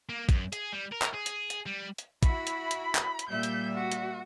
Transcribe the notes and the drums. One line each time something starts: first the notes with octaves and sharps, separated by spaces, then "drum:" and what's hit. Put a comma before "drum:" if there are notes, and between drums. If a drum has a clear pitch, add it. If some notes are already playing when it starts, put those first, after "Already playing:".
A#3
F#2, drum: kick, hi-hat
G#4, drum: hi-hat
G3
A#4
drum: clap
G#4
drum: hi-hat
drum: hi-hat
G3
drum: hi-hat
E4 F#4 B5, drum: kick, hi-hat
drum: hi-hat
drum: hi-hat
drum: clap
drum: hi-hat
A#2 G3 E5 G6
drum: hi-hat
F#4
drum: hi-hat